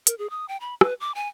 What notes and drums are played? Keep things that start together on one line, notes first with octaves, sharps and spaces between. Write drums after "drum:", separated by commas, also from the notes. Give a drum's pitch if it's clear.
A#4, drum: hi-hat
G#4
D#6
G5
B5
B4, drum: rim click
D6
G#5